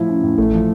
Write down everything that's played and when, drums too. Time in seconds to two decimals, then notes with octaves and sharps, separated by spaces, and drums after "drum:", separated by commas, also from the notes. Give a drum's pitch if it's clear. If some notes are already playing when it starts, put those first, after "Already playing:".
Already playing: A2 F3 E4
0.09 C#4
0.24 A2
0.38 A3, drum: kick G#1
0.53 F3